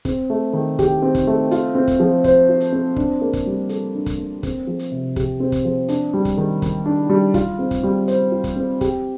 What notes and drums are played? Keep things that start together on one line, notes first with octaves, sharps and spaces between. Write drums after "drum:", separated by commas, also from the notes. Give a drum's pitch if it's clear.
C4, drum: kick, hi-hat
A3
D#3
G4, drum: kick, hi-hat
C4
drum: kick, hi-hat
A3
F4, drum: hi-hat
C4
drum: kick, hi-hat
F3
C5, drum: kick, hi-hat
F4
drum: hi-hat
C4
D4, drum: kick
A#3
drum: kick, hi-hat
G3
A4, drum: hi-hat
D4
drum: kick, hi-hat
A#3
C4, drum: kick, hi-hat
F3
drum: hi-hat
C3
G4, drum: kick, hi-hat
C4
drum: kick, hi-hat
F3
D4, drum: hi-hat
G3
drum: kick, hi-hat
D#3
D#3, drum: kick, hi-hat
D4
G3
F4, drum: kick, hi-hat
C4
drum: kick, hi-hat
G3
C5, drum: hi-hat
F4
drum: kick, hi-hat
C4
G4, drum: kick, hi-hat